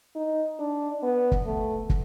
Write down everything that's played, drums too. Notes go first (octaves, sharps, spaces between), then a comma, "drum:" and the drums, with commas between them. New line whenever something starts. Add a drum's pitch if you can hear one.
D#4
D4
B3
drum: kick
A3
drum: kick